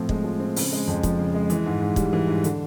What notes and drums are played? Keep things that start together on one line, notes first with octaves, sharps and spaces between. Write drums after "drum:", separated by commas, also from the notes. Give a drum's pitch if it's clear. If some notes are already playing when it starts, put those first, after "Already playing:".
Already playing: A2 F3 C4
G#3, drum: kick
F3
C4
C#3, drum: open hi-hat
G#3
F2
F3, drum: kick, hi-hat
C#3
G#3
E3, drum: hi-hat
G#2
G#2
G3, drum: kick, hi-hat
E3
G#2
D3, drum: hi-hat